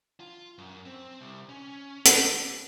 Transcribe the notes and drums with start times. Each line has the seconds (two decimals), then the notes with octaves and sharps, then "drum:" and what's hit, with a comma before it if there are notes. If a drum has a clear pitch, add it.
0.20 F4
0.58 F#2
0.85 C4
1.21 C2
1.49 C#4
2.05 G4, drum: hi-hat